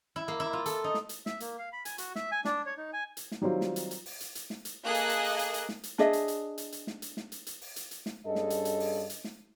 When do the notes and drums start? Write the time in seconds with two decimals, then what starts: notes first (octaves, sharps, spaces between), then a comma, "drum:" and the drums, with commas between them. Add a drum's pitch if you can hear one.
0.16 E4
0.28 A#3
0.40 E4
0.53 F4
0.66 A4, drum: hi-hat
0.84 D#4
0.94 drum: snare
1.09 drum: hi-hat
1.26 E5, drum: snare
1.40 A#3, drum: hi-hat
1.59 F5
1.73 B5
1.85 G#5, drum: hi-hat
1.98 F#4, drum: hi-hat
2.16 E5, drum: snare
2.32 G#5
2.45 D4, drum: snare
2.66 C#5
2.78 D#4
2.93 G#5
3.17 drum: hi-hat
3.32 drum: snare
3.42 D#3 F#3 G3 C4 F4
3.61 drum: snare
3.76 drum: hi-hat
3.91 drum: hi-hat
4.06 drum: open hi-hat
4.20 drum: hi-hat
4.35 drum: hi-hat
4.50 drum: snare
4.65 drum: hi-hat
4.85 A#3 G#4 A4 D#5 F#6
4.95 drum: hi-hat
5.09 drum: hi-hat
5.24 drum: open hi-hat
5.39 drum: hi-hat
5.54 drum: hi-hat
5.69 drum: snare
5.83 drum: hi-hat
5.98 D4 G#4 D#5 E5, drum: snare
6.13 drum: hi-hat
6.28 drum: hi-hat
6.58 drum: hi-hat
6.72 drum: hi-hat
6.87 drum: snare
7.02 drum: hi-hat
7.17 drum: snare
7.32 drum: hi-hat
7.47 drum: hi-hat
7.61 drum: open hi-hat
7.76 drum: hi-hat
7.91 drum: hi-hat
8.06 drum: snare
8.26 G2 C#4 G#4 A4 D#5
8.35 drum: snare
8.50 drum: hi-hat
8.65 drum: hi-hat
8.80 drum: open hi-hat
9.10 drum: hi-hat
9.24 drum: snare